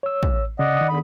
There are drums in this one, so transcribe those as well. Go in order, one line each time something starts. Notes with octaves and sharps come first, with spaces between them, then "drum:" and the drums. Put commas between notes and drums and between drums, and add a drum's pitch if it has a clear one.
C#5 E6
drum: kick
C#3 D5 D#5 F#5
D#3 D#6
E2 D3 B5